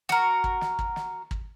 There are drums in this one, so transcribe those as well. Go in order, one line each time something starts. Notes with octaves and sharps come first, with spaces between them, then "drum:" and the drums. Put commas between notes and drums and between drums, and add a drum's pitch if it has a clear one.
F#4 A#4, drum: snare
drum: kick
drum: snare
drum: kick
drum: snare
drum: kick